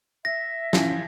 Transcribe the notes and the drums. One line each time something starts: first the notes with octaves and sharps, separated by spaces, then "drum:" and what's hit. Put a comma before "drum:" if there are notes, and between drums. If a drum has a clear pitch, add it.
E5 A#6
E3 F3 C#4, drum: snare